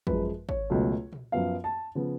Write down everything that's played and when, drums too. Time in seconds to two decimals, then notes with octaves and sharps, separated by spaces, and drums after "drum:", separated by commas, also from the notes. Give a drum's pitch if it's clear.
0.07 F#2 F3 G#3 B4, drum: kick
0.49 C#5, drum: kick
0.70 C#2 B2 F#3 A3
1.13 drum: tom A#2
1.32 F#2 F3 B3 F5
1.64 A5
1.95 C#3 F3 B3